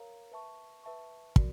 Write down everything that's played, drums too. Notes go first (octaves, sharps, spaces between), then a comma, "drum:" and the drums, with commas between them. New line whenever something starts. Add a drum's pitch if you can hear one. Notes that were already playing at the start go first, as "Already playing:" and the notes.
Already playing: A#4 C#5 F5 A#5
B4 E5 A5 C#6
B4 E5 A5 C#6
F#4 A#4 D5, drum: kick